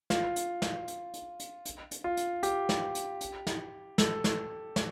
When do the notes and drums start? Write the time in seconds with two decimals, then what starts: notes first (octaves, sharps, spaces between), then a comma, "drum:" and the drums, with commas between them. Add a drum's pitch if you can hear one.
0.10 F4, drum: snare
0.36 drum: hi-hat
0.62 drum: snare
0.88 drum: hi-hat
1.14 drum: hi-hat
1.40 drum: hi-hat
1.65 drum: hi-hat
1.91 drum: hi-hat
2.04 F4
2.17 drum: hi-hat
2.43 G4, drum: hi-hat
2.69 drum: snare
2.95 drum: hi-hat
3.21 drum: hi-hat
3.47 drum: snare
3.98 A4, drum: snare
4.24 drum: snare
4.76 drum: snare